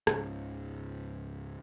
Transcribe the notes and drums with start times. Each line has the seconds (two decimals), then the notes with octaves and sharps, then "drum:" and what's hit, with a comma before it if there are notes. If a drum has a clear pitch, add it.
0.07 C#2 G#2 C#3, drum: rim click